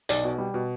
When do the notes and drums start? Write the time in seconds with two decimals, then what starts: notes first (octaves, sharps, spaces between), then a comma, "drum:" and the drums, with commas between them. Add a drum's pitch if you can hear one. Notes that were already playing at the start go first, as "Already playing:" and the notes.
0.09 B1 D5, drum: hi-hat
0.24 B2
0.38 G3
0.54 B2